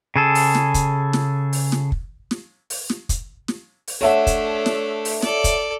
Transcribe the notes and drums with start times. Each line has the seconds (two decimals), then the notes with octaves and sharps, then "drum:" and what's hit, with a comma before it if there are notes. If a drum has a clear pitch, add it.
0.16 C#3 G#4 A4
0.35 drum: open hi-hat
0.55 drum: snare
0.74 drum: kick, hi-hat
1.13 drum: snare
1.53 drum: open hi-hat
1.72 drum: snare
1.92 drum: kick
2.31 drum: snare
2.70 drum: open hi-hat
2.90 drum: snare
3.09 drum: kick, hi-hat
3.48 drum: snare
3.88 drum: open hi-hat
4.01 A3 D4 C#5 E5 F#5
4.27 drum: kick, hi-hat
4.66 drum: snare
5.05 drum: open hi-hat
5.22 A4 D5, drum: snare
5.44 drum: kick, hi-hat